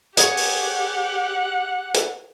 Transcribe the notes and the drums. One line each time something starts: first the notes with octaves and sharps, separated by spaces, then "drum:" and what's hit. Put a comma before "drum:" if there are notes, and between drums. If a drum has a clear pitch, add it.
G4 G#4 C#5 F#5, drum: hi-hat
drum: open hi-hat
drum: hi-hat